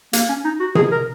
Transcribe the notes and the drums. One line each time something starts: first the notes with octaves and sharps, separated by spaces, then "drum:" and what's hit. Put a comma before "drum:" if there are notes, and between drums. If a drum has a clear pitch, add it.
A#3, drum: hi-hat
C#4
D#4
F#4
G#4, drum: tom C3
A#4